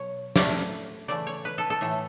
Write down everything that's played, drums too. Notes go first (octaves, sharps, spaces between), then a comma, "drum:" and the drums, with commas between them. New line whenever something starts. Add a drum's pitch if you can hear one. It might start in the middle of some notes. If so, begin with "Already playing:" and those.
Already playing: B2 F#3 C#5
A2 F#3 A3 D5, drum: snare
C#3 E3 A3 D5
C#5
B4
A4
A4
A2 E3 A3